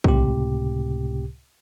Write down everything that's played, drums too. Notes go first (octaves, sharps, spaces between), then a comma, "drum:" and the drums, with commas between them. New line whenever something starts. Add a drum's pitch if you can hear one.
C#2 A2 C3 G4, drum: kick